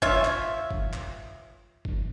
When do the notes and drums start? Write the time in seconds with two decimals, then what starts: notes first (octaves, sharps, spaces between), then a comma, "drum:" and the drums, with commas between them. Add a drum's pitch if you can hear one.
0.02 F4 C#5 E5, drum: kick F#1
0.25 drum: clap
0.71 drum: kick F#1
0.93 drum: clap
1.85 drum: kick F#1